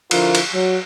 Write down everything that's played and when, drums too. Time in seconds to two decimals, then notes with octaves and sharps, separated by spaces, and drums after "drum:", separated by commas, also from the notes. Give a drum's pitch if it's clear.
0.11 D3 F3 E4 F4 A#4, drum: cymbal
0.35 drum: cymbal
0.53 F#3